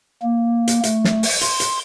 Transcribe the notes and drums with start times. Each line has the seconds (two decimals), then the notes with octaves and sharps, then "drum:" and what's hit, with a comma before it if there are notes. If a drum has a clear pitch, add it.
0.23 A#3
0.68 drum: hi-hat
0.83 A3, drum: hi-hat
1.04 drum: snare
1.23 drum: open hi-hat
1.41 C6, drum: hi-hat
1.60 drum: hi-hat